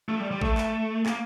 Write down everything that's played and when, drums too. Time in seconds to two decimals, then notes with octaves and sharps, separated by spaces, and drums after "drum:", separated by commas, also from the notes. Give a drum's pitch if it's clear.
0.09 A3
0.20 G3
0.31 G3
0.41 A3, drum: kick A1
0.58 drum: clap
1.06 A#3, drum: clap